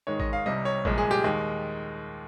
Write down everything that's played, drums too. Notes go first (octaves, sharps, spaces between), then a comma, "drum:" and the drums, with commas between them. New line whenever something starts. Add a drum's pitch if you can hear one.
G#2 D#3 G#3 C#5
D#5, drum: kick A1
F5
C2 C3 G3 D#5
C#5
C2 A#2 F3 G#3, drum: kick A1
G#4
G4
D#2 D#3 G#3